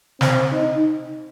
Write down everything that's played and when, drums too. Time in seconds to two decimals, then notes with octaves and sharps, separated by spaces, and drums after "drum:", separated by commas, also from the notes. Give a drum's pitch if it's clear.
0.21 C4, drum: snare
0.52 D#4